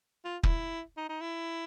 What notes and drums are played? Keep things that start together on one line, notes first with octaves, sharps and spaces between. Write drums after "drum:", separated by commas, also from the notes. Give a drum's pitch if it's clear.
F4
E4, drum: kick
D#4
D#4
E4